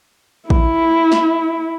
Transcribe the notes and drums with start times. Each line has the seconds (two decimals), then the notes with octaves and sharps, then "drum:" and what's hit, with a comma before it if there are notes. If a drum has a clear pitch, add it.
0.50 E4, drum: kick
1.12 drum: snare